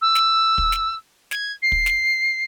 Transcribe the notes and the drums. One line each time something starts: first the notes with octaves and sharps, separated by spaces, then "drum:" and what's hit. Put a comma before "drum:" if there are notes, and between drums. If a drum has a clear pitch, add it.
E6
drum: snare
drum: kick
drum: snare
G#6, drum: snare
C7
drum: kick
drum: snare